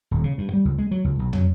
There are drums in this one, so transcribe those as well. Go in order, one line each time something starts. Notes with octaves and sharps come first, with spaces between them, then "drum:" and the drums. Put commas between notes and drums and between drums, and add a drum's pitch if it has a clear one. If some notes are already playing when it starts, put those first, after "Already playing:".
D#1
C#3
G2
G3
C#2
G#3
F#3
C#2
B1
F#3, drum: tom